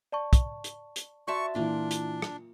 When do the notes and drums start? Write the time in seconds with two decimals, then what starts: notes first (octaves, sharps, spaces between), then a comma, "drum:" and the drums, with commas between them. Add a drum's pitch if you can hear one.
0.12 D5 A5 C#6
0.33 drum: kick, hi-hat
0.64 drum: hi-hat
0.96 drum: hi-hat
1.28 F#4 D5 E5 A5 C6 C#6
1.55 A#2 E3 A#3 D4 F4
1.91 drum: hi-hat
2.22 drum: rim click